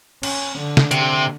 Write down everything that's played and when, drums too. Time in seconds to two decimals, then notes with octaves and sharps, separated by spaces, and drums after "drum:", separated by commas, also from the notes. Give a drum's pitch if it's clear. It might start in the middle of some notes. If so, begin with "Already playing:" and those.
0.23 C#4, drum: cymbal
0.59 D3
0.77 drum: snare
0.91 C3, drum: hi-hat